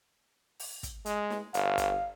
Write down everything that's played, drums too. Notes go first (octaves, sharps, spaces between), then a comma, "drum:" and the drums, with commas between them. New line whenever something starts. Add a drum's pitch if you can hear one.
drum: open hi-hat
drum: kick, hi-hat
G#3, drum: hi-hat
drum: snare
G1 F5, drum: hi-hat
drum: kick, hi-hat